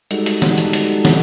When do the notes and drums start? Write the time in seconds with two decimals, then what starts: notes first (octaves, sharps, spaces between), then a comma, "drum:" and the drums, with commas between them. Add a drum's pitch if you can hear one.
0.11 G3 G#3 D#4 F#4 A4, drum: hi-hat
0.26 drum: hi-hat
0.42 drum: snare
0.58 drum: hi-hat
0.73 drum: hi-hat
1.05 drum: snare